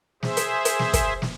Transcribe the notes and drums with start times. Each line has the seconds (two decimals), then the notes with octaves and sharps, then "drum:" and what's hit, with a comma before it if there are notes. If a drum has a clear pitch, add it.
0.23 G#4 C5 E5, drum: snare
0.37 drum: hi-hat
0.65 drum: hi-hat
0.79 drum: snare
0.93 drum: kick, hi-hat
1.22 drum: snare